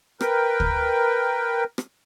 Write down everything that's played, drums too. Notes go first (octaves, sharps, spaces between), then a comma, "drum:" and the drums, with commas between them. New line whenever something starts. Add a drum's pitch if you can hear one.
A#4 B4 G5, drum: rim click
drum: kick D2
drum: rim click